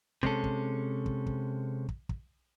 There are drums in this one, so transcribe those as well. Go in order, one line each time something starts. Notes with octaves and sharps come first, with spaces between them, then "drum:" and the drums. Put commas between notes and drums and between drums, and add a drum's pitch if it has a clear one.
C3 G#3 C#4 A4, drum: kick
drum: kick
drum: kick
drum: kick
drum: kick
drum: kick